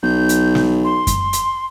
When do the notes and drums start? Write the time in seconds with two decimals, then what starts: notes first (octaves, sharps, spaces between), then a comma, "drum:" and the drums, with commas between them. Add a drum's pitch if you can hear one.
0.03 B1 G6
0.29 drum: hi-hat
0.55 drum: snare
0.84 C6
1.07 drum: kick F#2, hi-hat
1.33 drum: hi-hat